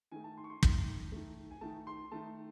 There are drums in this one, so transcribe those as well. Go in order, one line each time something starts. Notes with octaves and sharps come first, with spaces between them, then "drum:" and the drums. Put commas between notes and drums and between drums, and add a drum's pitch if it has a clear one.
D#3 A3 G#5
A5
C6
C#6
C6
D#3 A3, drum: kick
D#3 A3
G#5
D#3 A3 A5
C6
D#3 A3 A5